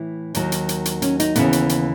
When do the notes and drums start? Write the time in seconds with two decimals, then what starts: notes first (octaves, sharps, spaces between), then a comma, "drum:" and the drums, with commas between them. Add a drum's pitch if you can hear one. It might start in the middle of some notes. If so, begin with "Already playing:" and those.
Already playing: A2 E3
0.34 D#2 D#3 F#3, drum: hi-hat
0.52 drum: hi-hat
0.69 drum: hi-hat
0.85 drum: hi-hat
1.02 C#4, drum: hi-hat
1.20 D#4, drum: hi-hat
1.35 D#2 C#3 E3 B3, drum: hi-hat
1.53 drum: hi-hat
1.69 drum: hi-hat